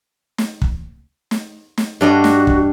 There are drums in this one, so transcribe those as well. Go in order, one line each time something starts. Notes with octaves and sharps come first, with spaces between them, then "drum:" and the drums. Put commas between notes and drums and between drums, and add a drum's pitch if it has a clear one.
drum: snare
drum: kick
drum: snare
drum: snare
G2 F#4 D5 D#5
drum: snare
drum: kick